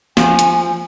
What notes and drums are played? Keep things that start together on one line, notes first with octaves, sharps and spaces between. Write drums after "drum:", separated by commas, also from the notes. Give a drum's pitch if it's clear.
F3 G#5, drum: snare
drum: hi-hat